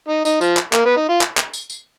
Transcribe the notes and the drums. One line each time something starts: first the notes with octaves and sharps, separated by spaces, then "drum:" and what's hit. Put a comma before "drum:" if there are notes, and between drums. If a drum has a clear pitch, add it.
D#4
D#4, drum: tambourine
F3, drum: tambourine
drum: clap
A#3, drum: clap
B3
D#4
F4
drum: clap
drum: clap
drum: tambourine
drum: tambourine